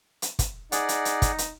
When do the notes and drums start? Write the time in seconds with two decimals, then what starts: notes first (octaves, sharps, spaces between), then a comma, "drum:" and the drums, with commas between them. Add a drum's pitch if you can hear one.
0.22 drum: hi-hat
0.39 drum: kick, hi-hat
0.72 D#4 G#4 D5 F#5, drum: hi-hat
0.89 drum: hi-hat
1.05 drum: hi-hat
1.22 drum: kick, hi-hat
1.38 drum: hi-hat